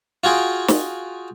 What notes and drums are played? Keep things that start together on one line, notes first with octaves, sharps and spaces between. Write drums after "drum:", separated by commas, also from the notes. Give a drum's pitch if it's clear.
F4 F#4 G#4 G5
drum: snare